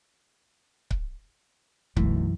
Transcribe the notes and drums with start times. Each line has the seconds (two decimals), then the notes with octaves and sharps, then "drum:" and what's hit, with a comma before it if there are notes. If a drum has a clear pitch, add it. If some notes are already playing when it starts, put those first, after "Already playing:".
0.91 drum: kick C#1
1.97 B1 F#2 E3 A3, drum: kick C#1